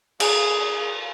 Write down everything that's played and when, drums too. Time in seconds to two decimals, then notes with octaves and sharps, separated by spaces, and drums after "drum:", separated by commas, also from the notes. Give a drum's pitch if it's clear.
0.20 G#4, drum: cymbal